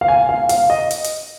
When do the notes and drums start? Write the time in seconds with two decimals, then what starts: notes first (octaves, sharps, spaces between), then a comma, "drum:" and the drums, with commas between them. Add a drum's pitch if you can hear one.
0.01 F5
0.08 G#5
0.29 F5
0.49 F5, drum: hi-hat
0.70 D#5
0.91 drum: hi-hat
1.04 drum: hi-hat